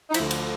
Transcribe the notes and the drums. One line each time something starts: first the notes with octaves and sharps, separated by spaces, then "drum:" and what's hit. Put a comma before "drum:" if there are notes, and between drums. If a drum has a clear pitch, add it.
D#4
D2 D3 F3 E4, drum: cymbal
drum: cymbal